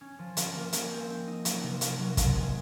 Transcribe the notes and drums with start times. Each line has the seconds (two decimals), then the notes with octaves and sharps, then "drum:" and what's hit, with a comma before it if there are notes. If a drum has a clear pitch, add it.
0.01 C#4
0.19 F3
0.37 F3, drum: hi-hat
0.54 A#3
0.73 G#3, drum: hi-hat
0.91 C4
1.09 C4
1.27 D#4
1.45 F#3, drum: hi-hat
1.63 C3
1.81 A#3, drum: hi-hat
1.99 F#3
2.17 F3, drum: kick, hi-hat
2.35 G#3